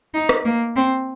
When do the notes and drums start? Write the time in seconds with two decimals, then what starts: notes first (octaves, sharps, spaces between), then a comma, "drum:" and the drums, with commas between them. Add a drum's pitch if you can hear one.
0.14 D#4
0.29 drum: rim click
0.45 A#3
0.76 C4